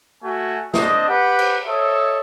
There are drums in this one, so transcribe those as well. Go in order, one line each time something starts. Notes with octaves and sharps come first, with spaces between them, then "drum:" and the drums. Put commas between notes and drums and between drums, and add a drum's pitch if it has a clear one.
A3 F#4 G#5
C4 D4 D#5, drum: snare
G4 B4 F#5
drum: cymbal
A4 C#5 D#5 E5